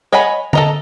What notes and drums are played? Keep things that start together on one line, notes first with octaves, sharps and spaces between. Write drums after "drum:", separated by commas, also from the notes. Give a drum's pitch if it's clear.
C#5 D#5 F#5 G#5 B5
A4 D#5 A#5, drum: tom D3